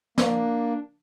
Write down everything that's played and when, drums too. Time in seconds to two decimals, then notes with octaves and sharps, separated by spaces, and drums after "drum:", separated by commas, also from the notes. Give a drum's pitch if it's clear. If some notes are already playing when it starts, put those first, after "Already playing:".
0.18 A#3 D4, drum: snare